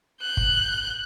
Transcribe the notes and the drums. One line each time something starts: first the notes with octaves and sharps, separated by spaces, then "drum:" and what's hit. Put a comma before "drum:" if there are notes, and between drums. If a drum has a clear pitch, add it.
F#6 G6
drum: kick G1